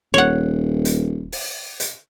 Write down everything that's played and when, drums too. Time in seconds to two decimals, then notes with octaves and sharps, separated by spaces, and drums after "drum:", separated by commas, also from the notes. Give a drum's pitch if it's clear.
0.14 D#1 C#5 F#5
0.85 drum: hi-hat
1.32 drum: open hi-hat
1.80 drum: hi-hat